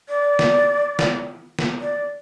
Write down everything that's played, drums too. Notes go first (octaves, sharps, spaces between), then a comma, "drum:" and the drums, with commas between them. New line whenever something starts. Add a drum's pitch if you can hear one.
D5
drum: snare
drum: snare
drum: snare
D5